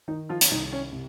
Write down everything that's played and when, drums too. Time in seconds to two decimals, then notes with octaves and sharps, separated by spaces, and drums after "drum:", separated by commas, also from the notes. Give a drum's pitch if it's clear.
0.08 D#3 D#4
0.29 F3 F4
0.41 drum: hi-hat
0.51 C2 D#4
0.72 C#4
0.93 C3